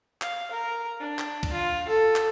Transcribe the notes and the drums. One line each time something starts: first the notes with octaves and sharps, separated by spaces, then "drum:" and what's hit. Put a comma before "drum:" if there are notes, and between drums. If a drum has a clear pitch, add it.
F5, drum: clap
A#4
D4
drum: clap
drum: kick, cymbal
F4
A4
drum: clap